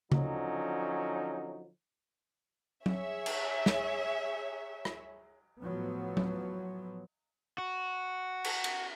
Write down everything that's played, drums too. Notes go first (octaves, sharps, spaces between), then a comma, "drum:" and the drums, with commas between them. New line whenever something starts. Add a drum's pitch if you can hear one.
D3 F3 F#3 C#4 D#4, drum: tom C#3
G#4 C#5 E5, drum: tom F#3
drum: cymbal
drum: snare
drum: rim click
A2 F3 F#3 B3
drum: tom F#3
F#4
drum: cymbal
drum: cymbal